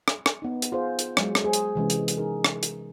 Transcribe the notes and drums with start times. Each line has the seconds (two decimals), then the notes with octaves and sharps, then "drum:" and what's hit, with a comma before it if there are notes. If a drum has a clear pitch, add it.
0.08 drum: rim click
0.26 drum: rim click
0.42 B3 D#4
0.62 drum: hi-hat
0.72 F4 G#4 C5
0.99 drum: hi-hat
1.17 F#3 G#3, drum: rim click
1.35 drum: rim click
1.44 G#4 C5
1.53 drum: hi-hat
1.75 C3 E3 G#3 C#4
1.90 drum: hi-hat
2.08 drum: hi-hat
2.17 D#4 G#4 A#4
2.44 drum: rim click
2.63 drum: hi-hat